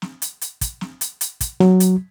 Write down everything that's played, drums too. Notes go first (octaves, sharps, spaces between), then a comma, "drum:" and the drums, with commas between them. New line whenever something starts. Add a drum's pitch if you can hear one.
drum: snare
drum: hi-hat
drum: hi-hat
drum: kick, hi-hat
drum: snare
drum: hi-hat
drum: hi-hat
drum: kick, hi-hat
F#3, drum: snare
drum: hi-hat